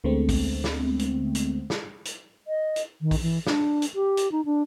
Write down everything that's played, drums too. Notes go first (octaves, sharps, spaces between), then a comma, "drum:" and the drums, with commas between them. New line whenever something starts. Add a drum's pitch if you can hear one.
D2 D3 G#3 A3 B3 C4
drum: kick A#1, open hi-hat
drum: snare
drum: hi-hat
drum: hi-hat
drum: snare
drum: hi-hat
D#5
drum: hi-hat
D#3
drum: kick A#1, open hi-hat
E3
D4, drum: snare
drum: hi-hat
G4
drum: hi-hat
D#4
D4